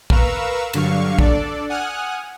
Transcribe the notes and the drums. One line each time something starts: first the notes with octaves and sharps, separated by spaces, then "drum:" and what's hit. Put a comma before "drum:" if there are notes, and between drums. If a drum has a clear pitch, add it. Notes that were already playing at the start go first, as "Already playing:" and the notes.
A#4 B4 F5 A#5 C#6 E6, drum: kick
G2 D3 F#3 F5 C#6, drum: cymbal
D4 A4 D5, drum: kick
F#5 G#5 D#6 F6 F#6